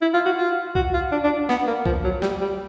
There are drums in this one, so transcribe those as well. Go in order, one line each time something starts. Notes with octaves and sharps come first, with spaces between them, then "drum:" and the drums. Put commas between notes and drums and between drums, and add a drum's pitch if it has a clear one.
E4
F4
F#4
F4
F#4, drum: kick C2
F4
D4
D4
B3, drum: snare
A#3
F3, drum: kick C2
F#3
G3, drum: snare
G3